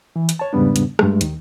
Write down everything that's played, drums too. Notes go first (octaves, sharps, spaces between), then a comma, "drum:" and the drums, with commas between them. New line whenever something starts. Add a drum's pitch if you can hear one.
E3
drum: hi-hat
C#5 A5
E2 G#2 C#3 G3 B3 D4
drum: hi-hat
G2 G#3 A3, drum: rim click
D#2 D#3, drum: hi-hat